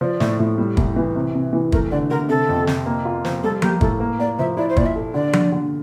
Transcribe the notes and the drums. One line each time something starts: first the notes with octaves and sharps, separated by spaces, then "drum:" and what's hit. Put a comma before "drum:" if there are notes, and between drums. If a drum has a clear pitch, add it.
F3 D5
A2, drum: snare
A2
G3
C2, drum: kick
E3
C3
C3
E3
A3 A#4, drum: kick
D3 D5
D3 A#4
C3 A4
F2
C3, drum: snare
A#3
F4
F3, drum: snare
G3 A4
A#3 G4, drum: tom F3
A2 A4, drum: kick
A#3
A#3 D5
F3 E5
E4 D5
C5
A#2 D5, drum: kick
E5
A4
D3 D5
D3, drum: tom F3
D3